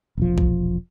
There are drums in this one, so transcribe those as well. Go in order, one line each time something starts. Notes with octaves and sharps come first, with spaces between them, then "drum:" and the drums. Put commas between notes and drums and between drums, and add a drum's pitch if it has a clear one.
E1 A#1 F3
drum: kick B1